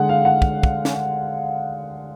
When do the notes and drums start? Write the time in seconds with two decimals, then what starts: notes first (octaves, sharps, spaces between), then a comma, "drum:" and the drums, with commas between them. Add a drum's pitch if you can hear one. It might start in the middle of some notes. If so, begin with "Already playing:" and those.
Already playing: D3 G#3 F#5
0.09 F5
0.25 F#5
0.42 drum: kick
0.63 drum: kick
0.85 drum: snare